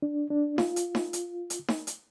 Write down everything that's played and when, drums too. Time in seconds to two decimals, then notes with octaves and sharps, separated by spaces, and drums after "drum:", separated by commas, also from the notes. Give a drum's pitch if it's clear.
0.02 D4
0.30 D4
0.58 F4, drum: snare D#4
0.76 drum: hi-hat
0.95 drum: snare D#4
1.13 drum: hi-hat
1.50 drum: hi-hat
1.68 drum: snare D#4
1.87 drum: hi-hat